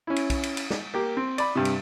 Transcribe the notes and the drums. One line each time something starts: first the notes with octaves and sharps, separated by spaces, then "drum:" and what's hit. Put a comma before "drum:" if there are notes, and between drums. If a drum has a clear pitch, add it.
C#4 E4
drum: cymbal
drum: kick, cymbal
drum: cymbal
drum: cymbal
drum: snare
A#3 G4
C4
D5 B5, drum: cymbal
G2 C3
drum: cymbal